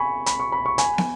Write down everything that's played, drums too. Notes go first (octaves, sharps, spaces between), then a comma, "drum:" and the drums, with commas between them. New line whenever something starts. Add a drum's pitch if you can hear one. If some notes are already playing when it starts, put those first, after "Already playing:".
Already playing: G#5 B5 C#6
B5, drum: hi-hat
C#6
B5
C#6
G#5 B5, drum: hi-hat
drum: snare